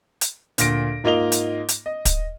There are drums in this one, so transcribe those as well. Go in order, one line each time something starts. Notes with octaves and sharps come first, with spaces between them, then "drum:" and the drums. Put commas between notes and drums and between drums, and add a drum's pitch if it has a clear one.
drum: hi-hat
D2 A#2 A#6 D7, drum: hi-hat
G#2 A#3 F4 D#5 F7 G7
drum: hi-hat
drum: hi-hat
D#5
drum: kick, hi-hat